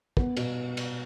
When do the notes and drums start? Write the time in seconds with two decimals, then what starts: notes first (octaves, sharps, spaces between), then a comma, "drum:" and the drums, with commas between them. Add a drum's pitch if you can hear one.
0.17 B3, drum: kick
0.37 B2, drum: cymbal
0.77 drum: cymbal